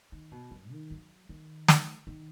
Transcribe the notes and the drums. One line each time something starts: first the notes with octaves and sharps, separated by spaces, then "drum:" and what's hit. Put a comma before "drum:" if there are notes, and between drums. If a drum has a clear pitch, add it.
D#3
B2
F#2
D#3
F#3
D#3
drum: snare
D#3